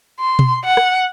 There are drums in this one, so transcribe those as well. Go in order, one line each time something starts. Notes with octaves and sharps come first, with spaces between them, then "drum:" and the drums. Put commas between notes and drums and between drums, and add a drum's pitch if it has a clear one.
C6
drum: tom B2
F#5
drum: rim click